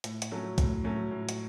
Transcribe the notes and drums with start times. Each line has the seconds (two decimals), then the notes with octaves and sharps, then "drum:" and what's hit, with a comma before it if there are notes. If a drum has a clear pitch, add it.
0.04 A2, drum: hi-hat
0.22 drum: hi-hat
0.31 F#3 A3 C#4
0.58 A2, drum: kick, hi-hat
0.84 F#3 A3 C#4
1.11 A2
1.29 drum: hi-hat